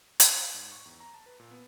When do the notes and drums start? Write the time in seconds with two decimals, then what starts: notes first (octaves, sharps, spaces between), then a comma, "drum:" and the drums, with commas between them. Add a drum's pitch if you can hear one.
0.20 A5, drum: hi-hat
0.37 C#7
0.54 G#2
0.71 C#6
0.86 E2
1.00 A#5
1.14 A5
1.26 B4
1.40 A#2
1.51 B3